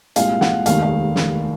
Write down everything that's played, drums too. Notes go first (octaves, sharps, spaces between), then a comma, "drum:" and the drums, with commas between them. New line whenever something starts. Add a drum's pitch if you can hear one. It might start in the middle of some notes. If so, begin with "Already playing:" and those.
C2 A#2 G#3 F5, drum: hi-hat
F#5, drum: snare
F1 D#2 D#3 G#3 F5, drum: hi-hat
F5
drum: snare